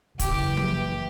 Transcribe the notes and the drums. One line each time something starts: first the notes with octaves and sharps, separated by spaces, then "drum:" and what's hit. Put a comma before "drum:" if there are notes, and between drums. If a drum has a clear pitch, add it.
F#1 E3 G4, drum: kick, hi-hat
drum: tom